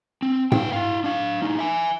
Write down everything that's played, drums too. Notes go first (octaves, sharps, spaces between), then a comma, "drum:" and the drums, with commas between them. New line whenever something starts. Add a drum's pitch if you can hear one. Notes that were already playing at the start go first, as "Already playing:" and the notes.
C4
B3 G5, drum: tom G#2
E4 F5
D4 F5
A2 D#4
E5 G#5